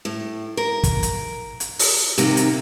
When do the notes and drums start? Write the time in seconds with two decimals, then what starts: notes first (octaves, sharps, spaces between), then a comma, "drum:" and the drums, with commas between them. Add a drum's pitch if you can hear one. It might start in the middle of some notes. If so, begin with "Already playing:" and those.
0.05 A2
0.57 A#4
0.84 drum: kick, hi-hat
1.03 drum: hi-hat
1.60 drum: hi-hat
1.79 drum: open hi-hat
2.18 C3 D#3 A#3, drum: hi-hat
2.37 drum: hi-hat